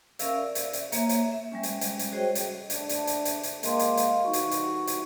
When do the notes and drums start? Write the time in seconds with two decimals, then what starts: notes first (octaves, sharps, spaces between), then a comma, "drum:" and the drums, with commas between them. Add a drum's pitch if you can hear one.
0.19 C#4 A#4 E5 F5 E6, drum: hi-hat
0.33 D5 E5
0.55 drum: hi-hat
0.73 drum: hi-hat
0.92 A#3 C#5 E5, drum: hi-hat
1.09 drum: hi-hat
1.32 E5
1.52 G3 G#3 C#4
1.63 drum: hi-hat
1.81 drum: hi-hat
1.99 drum: hi-hat
2.12 F#4 G#4 C5 C#5 D#5 G5
2.35 drum: hi-hat
2.70 A3 D4, drum: hi-hat
2.89 drum: hi-hat
3.07 drum: hi-hat
3.25 drum: hi-hat
3.43 drum: hi-hat
3.63 G#3 A#3 D#5 F5 C6, drum: hi-hat
3.79 drum: hi-hat
3.97 drum: hi-hat
4.24 E3 G3 D#4 F#4 C#6
4.33 drum: hi-hat
4.51 drum: hi-hat
4.87 drum: hi-hat